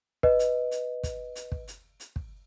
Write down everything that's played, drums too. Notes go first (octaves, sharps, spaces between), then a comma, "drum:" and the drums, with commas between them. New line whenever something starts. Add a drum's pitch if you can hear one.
B4 D#5, drum: kick
drum: hi-hat
drum: hi-hat
drum: kick, hi-hat
drum: hi-hat
drum: kick
drum: hi-hat
drum: hi-hat
drum: kick